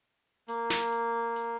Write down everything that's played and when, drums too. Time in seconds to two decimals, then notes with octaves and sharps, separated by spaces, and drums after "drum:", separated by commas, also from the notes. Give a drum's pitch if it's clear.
0.48 A#3, drum: hi-hat
0.70 drum: snare
0.92 drum: hi-hat
1.36 drum: hi-hat